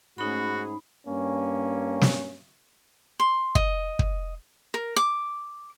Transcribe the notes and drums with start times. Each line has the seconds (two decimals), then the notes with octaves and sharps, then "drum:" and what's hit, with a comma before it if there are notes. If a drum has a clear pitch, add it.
0.18 G#2 A3 C#4 D#4 F#4 G#4 B5
1.06 G2 A#3 C#4
2.01 drum: snare
3.20 C6
3.55 D#5, drum: kick
3.99 drum: kick
4.74 A#4
4.96 D6